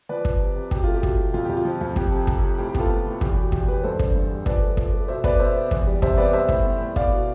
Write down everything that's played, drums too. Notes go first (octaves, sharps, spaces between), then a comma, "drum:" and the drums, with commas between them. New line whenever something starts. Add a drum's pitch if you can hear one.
F3 B4 D5
F3, drum: kick
C3
C3
B2 G4, drum: kick
A3 F4
G4
B2, drum: kick
B2
F2 F4
F2 G4
F4
F3
F2
F3 G4, drum: kick
C3
C3, drum: kick
C3
A2 G4
G4
B3 F4 A4, drum: kick
A2
A2
E2 G4, drum: kick
B2 G4
E2 G4, drum: kick
E2 G4 B4
G2 A4 C5
D3, drum: kick
G2
G3
F3 B4 D5, drum: kick
A3
F3, drum: kick
A3
B2 C5 E5
B3 B4 D5, drum: kick
B3 C5 E5
B3
E2, drum: kick
G3
C3 C5 E5, drum: kick
B3 B4 D5
G3 C5 E5
A2, drum: kick
B3
A2
B3 D5 F5, drum: kick
B2